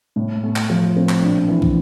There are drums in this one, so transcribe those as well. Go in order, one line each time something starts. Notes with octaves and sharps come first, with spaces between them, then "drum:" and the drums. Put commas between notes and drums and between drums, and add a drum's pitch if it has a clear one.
A2
A3
drum: clap
F3
C4
drum: clap
A#1
E3
drum: kick